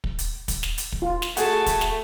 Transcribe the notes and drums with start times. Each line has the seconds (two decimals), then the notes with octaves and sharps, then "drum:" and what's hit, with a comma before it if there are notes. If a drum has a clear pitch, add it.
0.04 drum: kick
0.19 drum: hi-hat
0.48 drum: kick, hi-hat
0.63 drum: snare
0.78 drum: hi-hat
0.92 drum: kick
1.02 F4
1.22 drum: snare
1.37 A3 F#4 G#4 A5 C#6, drum: hi-hat
1.66 drum: kick, hi-hat
1.81 drum: snare